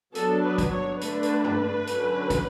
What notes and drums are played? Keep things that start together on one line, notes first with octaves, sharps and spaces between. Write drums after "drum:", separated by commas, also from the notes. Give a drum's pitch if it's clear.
F#3 B3 D4 A4, drum: hi-hat
B4
drum: kick, hi-hat
C#5
D3 A3 D4 B4, drum: hi-hat
drum: hi-hat
drum: tom
D3 F#3 C#4, drum: hi-hat
drum: kick, hi-hat